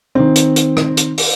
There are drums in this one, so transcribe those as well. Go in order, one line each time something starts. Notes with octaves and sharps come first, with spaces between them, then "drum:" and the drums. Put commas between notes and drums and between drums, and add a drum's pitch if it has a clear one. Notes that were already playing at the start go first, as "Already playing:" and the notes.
D#3 C4
drum: hi-hat
drum: hi-hat
drum: rim click
drum: hi-hat
drum: open hi-hat